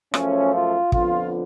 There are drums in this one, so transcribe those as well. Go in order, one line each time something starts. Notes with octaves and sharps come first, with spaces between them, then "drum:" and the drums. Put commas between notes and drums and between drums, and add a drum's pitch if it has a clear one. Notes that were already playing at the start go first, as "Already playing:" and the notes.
F#2 F3 A3 C#4, drum: rim click
F4
F2 D3 F3 B3 F4, drum: kick